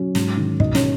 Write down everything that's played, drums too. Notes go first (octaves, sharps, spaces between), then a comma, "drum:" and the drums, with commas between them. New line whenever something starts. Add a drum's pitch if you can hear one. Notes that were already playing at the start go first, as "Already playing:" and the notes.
Already playing: F#3 C#4
G#2, drum: snare
D#3
B2 D#4 D#5, drum: kick
C#4 C#5, drum: snare